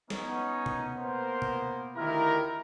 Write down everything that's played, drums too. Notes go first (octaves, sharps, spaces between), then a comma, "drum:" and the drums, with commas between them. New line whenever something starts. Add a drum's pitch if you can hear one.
B3 C#4 D#4, drum: snare
drum: tom B2
A#3 A#4 C5
drum: tom B2
D2 D#3 E4 F4 G4 A#4